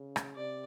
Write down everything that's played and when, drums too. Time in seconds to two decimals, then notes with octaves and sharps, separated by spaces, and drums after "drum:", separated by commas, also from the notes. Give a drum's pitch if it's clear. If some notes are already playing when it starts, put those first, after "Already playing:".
Already playing: C#3
0.16 drum: rim click
0.36 C3 D5